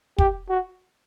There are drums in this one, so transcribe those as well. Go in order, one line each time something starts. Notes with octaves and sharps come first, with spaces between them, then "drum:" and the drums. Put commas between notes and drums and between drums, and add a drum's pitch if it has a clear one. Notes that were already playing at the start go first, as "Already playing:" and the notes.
G4, drum: kick
F#4